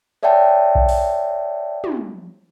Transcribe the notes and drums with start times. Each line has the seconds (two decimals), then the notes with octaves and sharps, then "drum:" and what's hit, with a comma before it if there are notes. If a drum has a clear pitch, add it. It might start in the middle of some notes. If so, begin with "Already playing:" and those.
0.23 C#5 D5 E5 F#5 G5 A5
0.75 drum: kick B1
0.89 drum: open hi-hat
1.84 drum: tom